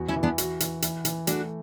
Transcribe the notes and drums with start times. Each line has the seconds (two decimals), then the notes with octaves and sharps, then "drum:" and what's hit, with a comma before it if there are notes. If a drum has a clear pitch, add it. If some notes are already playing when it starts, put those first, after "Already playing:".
Already playing: E2 F#4
0.08 C#4 E4
0.16 E3
0.23 B3 D4
0.38 F#4, drum: hi-hat
0.60 E3, drum: hi-hat
0.82 E3, drum: hi-hat
1.05 E3, drum: hi-hat
1.27 A3 D4 F#4, drum: hi-hat